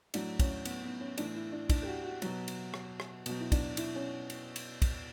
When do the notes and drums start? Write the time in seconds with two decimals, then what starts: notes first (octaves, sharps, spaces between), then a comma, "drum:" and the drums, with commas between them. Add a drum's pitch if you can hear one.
0.14 A2 F#3 D4, drum: cymbal
0.39 C#4, drum: kick, cymbal
0.65 B3, drum: cymbal
0.84 B3
1.00 C#4
1.18 A2 E3 D4, drum: cymbal
1.35 E4
1.52 D4
1.69 D4, drum: kick, cymbal
1.82 G4
1.88 F#4
2.04 F#4
2.22 B2 F#3, drum: cymbal
2.48 drum: cymbal
2.74 drum: rim click
3.00 drum: rim click
3.26 B2 F#3, drum: cymbal
3.40 E4
3.52 D4, drum: kick, cymbal
3.77 E4, drum: cymbal
3.95 C#4
4.30 drum: cymbal
4.56 drum: cymbal
4.82 drum: kick, cymbal